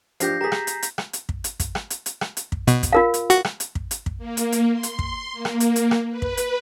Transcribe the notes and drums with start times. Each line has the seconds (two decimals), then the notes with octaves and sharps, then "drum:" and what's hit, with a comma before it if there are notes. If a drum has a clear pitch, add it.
0.20 F3 D4 G4 G6 A#6 C7, drum: hi-hat
0.41 G4 G#4 A#5 A#6 B6
0.52 drum: rim click
0.67 drum: hi-hat
0.82 drum: hi-hat
0.98 drum: rim click
1.13 drum: hi-hat
1.29 drum: kick
1.44 drum: hi-hat
1.60 drum: kick, hi-hat
1.75 drum: rim click
1.90 drum: hi-hat
2.06 drum: hi-hat
2.21 drum: rim click
2.37 drum: hi-hat
2.52 drum: kick
2.67 B2, drum: hi-hat
2.83 drum: kick, hi-hat
2.93 F4 A#4 F5
3.14 drum: hi-hat
3.30 F#4, drum: hi-hat
3.45 drum: rim click
3.60 drum: hi-hat
3.75 drum: kick
3.91 drum: hi-hat
4.06 drum: kick
4.18 A#3
4.37 drum: hi-hat
4.52 drum: hi-hat
4.73 C6
4.83 drum: hi-hat
4.99 drum: kick
5.33 A#3
5.45 drum: rim click
5.60 drum: hi-hat
5.76 drum: hi-hat
5.91 drum: rim click
6.10 B4
6.22 drum: kick
6.37 drum: hi-hat